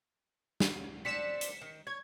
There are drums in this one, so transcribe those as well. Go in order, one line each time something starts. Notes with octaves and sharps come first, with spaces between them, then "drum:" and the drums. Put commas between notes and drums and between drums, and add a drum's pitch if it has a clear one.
drum: snare
C4 D4 B6 C#7 E7
drum: hi-hat
D#3
C#5 G#6